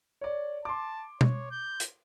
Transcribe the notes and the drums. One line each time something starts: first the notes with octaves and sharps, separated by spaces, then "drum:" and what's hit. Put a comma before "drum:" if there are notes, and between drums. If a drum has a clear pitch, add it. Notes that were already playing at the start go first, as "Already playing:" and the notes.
C#5 D5
A5 C6 D6
C#5, drum: tom B2
G6
drum: hi-hat